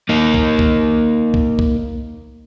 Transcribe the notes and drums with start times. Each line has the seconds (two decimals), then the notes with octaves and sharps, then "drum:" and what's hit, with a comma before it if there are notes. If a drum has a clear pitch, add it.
0.09 A#3 D#4
0.34 drum: kick C2
0.59 drum: kick C2
1.34 drum: kick C2
1.59 drum: kick C2